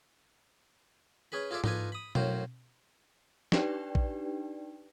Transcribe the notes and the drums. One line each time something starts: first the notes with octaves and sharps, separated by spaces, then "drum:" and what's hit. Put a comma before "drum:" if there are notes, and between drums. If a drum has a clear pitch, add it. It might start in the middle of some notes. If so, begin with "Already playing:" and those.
C#4 G#4 B4 B5
F4 G#4 A4 D5 E5
D4 D#4 F4 A4 B4 G#5, drum: tom G#2
B5 D#6
F#2 A2 F#3 C5 F5, drum: tom B2
D4 D#4 G4 B4 D5 G5, drum: snare
drum: kick